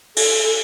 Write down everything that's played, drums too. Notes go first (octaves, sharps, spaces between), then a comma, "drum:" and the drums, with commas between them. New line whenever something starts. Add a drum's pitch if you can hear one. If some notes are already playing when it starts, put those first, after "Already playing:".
A4, drum: open hi-hat